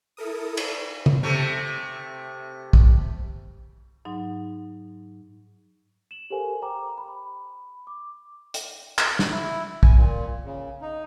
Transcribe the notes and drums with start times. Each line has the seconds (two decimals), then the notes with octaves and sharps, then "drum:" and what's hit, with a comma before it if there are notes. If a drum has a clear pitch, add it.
0.17 E4 A4 A#4 D#6
0.57 drum: cymbal
1.06 drum: tom C#3
1.23 C3 A3
2.73 drum: kick
4.05 G#2 F#3 D#4
6.11 E7 F#7
6.30 G4 A4 A#4 C5 F5 G#5
6.62 C5 G5 A#5 D6
6.98 B5
7.87 D6
8.54 drum: hi-hat
8.98 F#6, drum: clap
9.19 drum: snare
9.31 E4
9.83 G#5, drum: kick
9.96 A#2
10.45 C#3
10.81 D#4